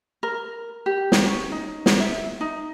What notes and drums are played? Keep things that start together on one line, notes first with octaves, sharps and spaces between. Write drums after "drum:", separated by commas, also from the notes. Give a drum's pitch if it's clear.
A#4
G4
drum: snare
C#4
D#4
drum: snare
E5
D#4